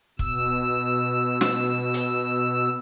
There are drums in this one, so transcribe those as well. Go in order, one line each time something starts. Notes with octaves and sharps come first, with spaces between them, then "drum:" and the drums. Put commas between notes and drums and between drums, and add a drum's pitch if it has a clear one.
B2 E6, drum: kick
drum: snare
drum: hi-hat